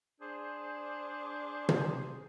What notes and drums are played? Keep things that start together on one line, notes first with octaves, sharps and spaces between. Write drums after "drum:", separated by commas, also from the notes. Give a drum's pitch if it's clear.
D4 G#4 C5
drum: tom